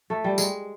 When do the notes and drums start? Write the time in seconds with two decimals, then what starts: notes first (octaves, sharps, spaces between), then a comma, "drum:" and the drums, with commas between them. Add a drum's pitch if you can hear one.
0.10 A3
0.24 G3
0.38 G#3, drum: tambourine